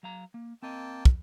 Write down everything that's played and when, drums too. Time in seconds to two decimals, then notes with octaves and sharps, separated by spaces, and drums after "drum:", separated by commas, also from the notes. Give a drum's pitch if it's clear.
0.03 F#3 F5 A#5
0.34 A#3
0.63 A#3 C4 D#5 G5 A5
1.05 drum: kick